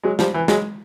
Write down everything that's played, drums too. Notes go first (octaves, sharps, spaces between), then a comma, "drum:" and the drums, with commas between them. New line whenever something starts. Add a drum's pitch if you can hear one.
F#3 G#3
F3 G3, drum: snare
E3
F#3 G#3, drum: snare